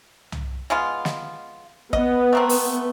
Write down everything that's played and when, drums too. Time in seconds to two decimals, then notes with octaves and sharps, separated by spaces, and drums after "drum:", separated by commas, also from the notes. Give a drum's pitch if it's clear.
0.32 drum: tom C2
0.70 G#3 B3 F4
1.05 drum: snare
1.93 B3 D#5, drum: kick
2.33 A3 A#3 C4
2.49 drum: open hi-hat